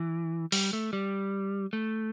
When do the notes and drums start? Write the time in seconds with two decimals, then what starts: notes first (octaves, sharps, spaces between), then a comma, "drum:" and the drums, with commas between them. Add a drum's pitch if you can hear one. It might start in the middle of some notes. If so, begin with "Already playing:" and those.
Already playing: E3
0.52 G3, drum: open hi-hat
0.73 A3
0.93 G3
1.73 A3